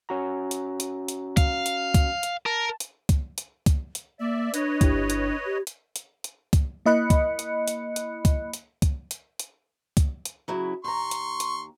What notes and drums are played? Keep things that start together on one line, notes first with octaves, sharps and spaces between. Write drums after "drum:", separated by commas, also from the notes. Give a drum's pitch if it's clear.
C#4 F#4 A#5
drum: hi-hat
drum: hi-hat
drum: hi-hat
F5, drum: kick C2, hi-hat
drum: hi-hat
drum: kick C2, hi-hat
drum: hi-hat
A#4 A5
drum: hi-hat
drum: kick C2, hi-hat
drum: hi-hat
drum: kick C2, hi-hat
drum: hi-hat
A#3 D5 E5
D4 B4 C#5 D#5, drum: hi-hat
G1 E4 G4, drum: kick C2, hi-hat
drum: hi-hat
G4
drum: hi-hat
drum: hi-hat
drum: hi-hat
drum: kick C2, hi-hat
A#3 E4 D#5 B5 F#6 C#7
drum: kick C2, hi-hat
drum: hi-hat
drum: hi-hat
drum: hi-hat
drum: kick C2, hi-hat
drum: hi-hat
drum: kick C2, hi-hat
drum: hi-hat
drum: hi-hat
drum: kick C2, hi-hat
drum: hi-hat
C#3 F#3 E4
D#2 A#5 C6 C#6
drum: hi-hat
drum: hi-hat